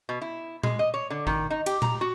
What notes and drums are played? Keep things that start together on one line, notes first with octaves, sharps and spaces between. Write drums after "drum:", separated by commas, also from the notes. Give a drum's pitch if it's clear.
B2
E4
G#3, drum: tom A#2
D#5
C#5
D3
D#3, drum: kick
D#4
G4, drum: cymbal
A#5, drum: tom A#2
F#4